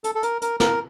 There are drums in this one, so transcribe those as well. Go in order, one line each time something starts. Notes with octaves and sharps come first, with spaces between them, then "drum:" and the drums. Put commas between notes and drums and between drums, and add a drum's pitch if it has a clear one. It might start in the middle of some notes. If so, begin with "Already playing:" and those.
A4, drum: hi-hat
A4
A#4, drum: hi-hat
A#4, drum: hi-hat
A#4, drum: snare